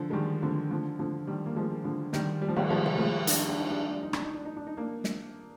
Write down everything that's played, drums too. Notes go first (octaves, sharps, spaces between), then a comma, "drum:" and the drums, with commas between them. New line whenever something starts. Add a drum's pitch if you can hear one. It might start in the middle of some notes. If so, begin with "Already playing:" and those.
Already playing: D3 F3
G#3
D#3 G3
D3 F3
D3 F3
D3 F3
D#3 G3
A#3
F3 G#3
D3 F3
D#3 G3, drum: snare
G3
F3
D#3 G3, drum: cymbal
F3 G#3
drum: tom C3
F3 G#3
D4, drum: hi-hat
D#4
D4
D#4
D4
D#4
D4
D#4
D4, drum: rim click
D#4
D4
D#4
D4
D#4
A#3 D4
drum: snare